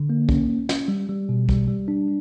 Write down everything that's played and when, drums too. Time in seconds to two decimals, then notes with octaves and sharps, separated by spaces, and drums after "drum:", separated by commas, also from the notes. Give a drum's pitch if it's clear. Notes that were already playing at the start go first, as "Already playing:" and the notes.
Already playing: D3
0.10 A#3
0.29 C#4, drum: kick
0.49 C#4
0.69 C#4, drum: snare
0.88 G3
1.09 G3
1.29 B2
1.49 G3, drum: kick
1.68 G3
1.88 D4